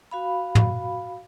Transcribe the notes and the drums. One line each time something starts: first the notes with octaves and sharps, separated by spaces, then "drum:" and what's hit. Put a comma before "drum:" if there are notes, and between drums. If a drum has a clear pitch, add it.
F#4 F5 B5
drum: tom